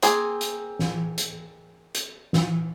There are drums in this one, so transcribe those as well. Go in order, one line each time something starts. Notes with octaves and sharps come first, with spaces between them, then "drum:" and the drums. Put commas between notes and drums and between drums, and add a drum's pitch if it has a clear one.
A#3 C4 G#4, drum: hi-hat
drum: hi-hat
drum: snare
drum: hi-hat
drum: hi-hat
drum: snare